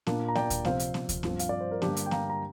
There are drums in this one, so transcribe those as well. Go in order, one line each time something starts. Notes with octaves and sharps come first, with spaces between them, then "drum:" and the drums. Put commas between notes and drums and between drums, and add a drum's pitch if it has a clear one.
A#2 A#3 D4, drum: snare B3
A#5
D5 G5, drum: snare B3
drum: kick D2, hi-hat
C3 F3 C4 C5 F5, drum: snare B3
drum: hi-hat
drum: snare B3
drum: kick D2, hi-hat
G2 F3 C4, drum: snare B3
F5, drum: hi-hat
D5
C5
A#4
G2 D3 A#3 D4 G4, drum: snare B3
drum: hi-hat
G5
F5 A#5, drum: snare B3
A#5